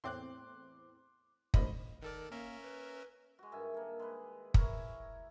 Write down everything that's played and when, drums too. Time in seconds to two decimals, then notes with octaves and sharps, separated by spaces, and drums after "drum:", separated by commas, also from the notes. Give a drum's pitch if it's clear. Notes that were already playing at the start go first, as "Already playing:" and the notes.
0.04 E2 A2 C4 C6 D6 F#6
1.54 G#1 D2 F3 D#5 B5, drum: kick
2.03 D#3 A4 A#4 D5
2.31 A#3 C#4 A#4 E5
2.62 B4
3.39 G#3 F#4
3.52 G2 D#3 E5 G#5
3.74 A#3 A4
3.99 G#3 B4
4.54 E4 A#4 C#5, drum: kick